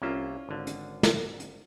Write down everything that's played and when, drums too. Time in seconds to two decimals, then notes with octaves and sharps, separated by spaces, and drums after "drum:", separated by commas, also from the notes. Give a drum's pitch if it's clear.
0.02 C2 A#3 C#4 F4 E5
0.49 G#1 D3
0.67 drum: hi-hat
1.03 drum: snare
1.40 drum: hi-hat